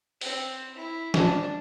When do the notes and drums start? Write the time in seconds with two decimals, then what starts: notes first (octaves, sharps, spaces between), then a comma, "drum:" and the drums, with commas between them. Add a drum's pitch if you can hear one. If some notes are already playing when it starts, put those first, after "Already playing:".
0.21 C4, drum: open hi-hat
0.75 E4
1.14 D4, drum: snare